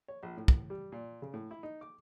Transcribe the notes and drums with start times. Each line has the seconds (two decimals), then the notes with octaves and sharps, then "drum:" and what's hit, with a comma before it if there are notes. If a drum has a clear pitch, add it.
0.08 C#5
0.23 A#1
0.37 A2
0.48 drum: kick
0.70 G3
0.92 A#2
1.22 C#3
1.34 A2
1.51 E4
1.63 D#4
1.81 D6